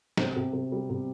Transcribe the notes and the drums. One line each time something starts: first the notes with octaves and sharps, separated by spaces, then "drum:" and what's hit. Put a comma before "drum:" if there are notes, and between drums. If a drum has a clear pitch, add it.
C3, drum: snare
C3
C3
G3
C3